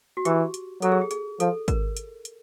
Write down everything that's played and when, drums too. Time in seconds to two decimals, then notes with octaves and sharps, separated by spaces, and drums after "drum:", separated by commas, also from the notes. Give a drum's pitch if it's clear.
0.17 F#4
0.25 E3 G4, drum: hi-hat
0.54 drum: hi-hat
0.82 F#3 A4, drum: hi-hat
0.92 G#4
1.01 G4
1.11 G#4, drum: hi-hat
1.40 F3 A4, drum: hi-hat
1.68 A#4, drum: kick G#1, hi-hat
1.97 drum: hi-hat
2.25 drum: hi-hat